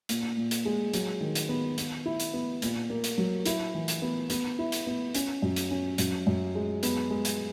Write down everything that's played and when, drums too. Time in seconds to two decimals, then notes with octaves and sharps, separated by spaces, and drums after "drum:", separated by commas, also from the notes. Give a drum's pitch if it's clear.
0.09 A#2, drum: hi-hat
0.37 A#2
0.51 drum: hi-hat
0.65 G#3
0.93 F#3, drum: hi-hat
1.21 D#3
1.35 drum: hi-hat
1.49 B3
1.78 B3, drum: hi-hat
2.06 E4
2.20 drum: hi-hat
2.33 B3
2.62 A#2, drum: hi-hat
2.90 A#3
3.04 drum: hi-hat
3.18 F#3
3.46 E4, drum: hi-hat
3.75 E3
3.88 drum: hi-hat
4.02 B3
4.30 B3, drum: hi-hat
4.59 E4
4.72 drum: hi-hat
4.87 B3
5.15 C#4, drum: hi-hat
5.42 F#2
5.56 drum: hi-hat
5.71 C#4
5.98 F#2, drum: hi-hat
6.27 F#2
6.55 G#3
6.83 B3, drum: hi-hat
7.10 G#3
7.25 drum: hi-hat